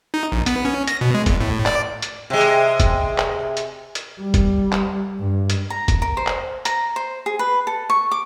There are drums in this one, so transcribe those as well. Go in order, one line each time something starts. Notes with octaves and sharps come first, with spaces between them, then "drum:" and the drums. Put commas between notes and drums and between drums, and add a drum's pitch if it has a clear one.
D#4
A#1
B3, drum: hi-hat
C#4
A#6, drum: hi-hat
B2
G#3
E2, drum: kick, hi-hat
A2
D5, drum: clap
drum: hi-hat
C3 G#3
drum: hi-hat
drum: kick, hi-hat
drum: clap
drum: hi-hat
drum: hi-hat
G3
drum: kick, hi-hat
drum: clap
G2
drum: hi-hat
A#5
drum: kick, hi-hat
A#4
C5
drum: clap
A#5, drum: hi-hat
C5
G#4
B4
A4
C#6
D6